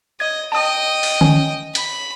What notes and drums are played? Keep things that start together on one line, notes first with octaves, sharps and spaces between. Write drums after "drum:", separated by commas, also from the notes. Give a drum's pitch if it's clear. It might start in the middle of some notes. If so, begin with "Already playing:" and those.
D#5 G#6
D#5 G5 A5 D#6
drum: open hi-hat
C#4, drum: tom D3
B5, drum: hi-hat